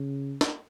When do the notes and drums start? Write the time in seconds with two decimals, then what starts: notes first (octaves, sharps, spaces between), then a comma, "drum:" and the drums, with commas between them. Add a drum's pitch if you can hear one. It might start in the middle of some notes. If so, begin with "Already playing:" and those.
Already playing: C#3
0.41 drum: snare